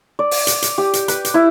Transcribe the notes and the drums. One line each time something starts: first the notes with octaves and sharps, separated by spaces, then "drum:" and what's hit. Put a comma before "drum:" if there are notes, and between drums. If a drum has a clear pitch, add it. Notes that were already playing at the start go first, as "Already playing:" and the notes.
D5
drum: open hi-hat
drum: hi-hat
drum: hi-hat
G4
drum: hi-hat
B4, drum: hi-hat
drum: hi-hat
E4